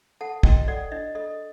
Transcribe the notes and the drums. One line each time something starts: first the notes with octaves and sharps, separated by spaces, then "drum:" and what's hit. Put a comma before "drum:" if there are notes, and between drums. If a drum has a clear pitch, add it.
A4 F#5 A5
F#4 D#5 G5, drum: kick
A4 D5 F#5
D4 D#5
A4 D#5